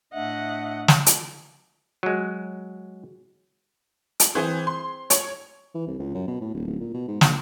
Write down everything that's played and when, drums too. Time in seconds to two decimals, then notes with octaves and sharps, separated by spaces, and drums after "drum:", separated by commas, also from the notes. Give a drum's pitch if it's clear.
0.13 A2 A3 D4 D#5 E5 F#5
0.88 drum: snare
1.06 drum: hi-hat
2.03 F#3 G#3
4.20 drum: hi-hat
4.35 E3 C4 G#4 C5
4.67 C6
5.10 C#5, drum: hi-hat
5.75 E3
5.87 C2
5.99 C#2
6.14 F#2
6.27 B2
6.41 A2
6.54 D#1
6.67 D1
6.80 A#2
6.94 B2
7.07 G#2
7.21 A#1, drum: snare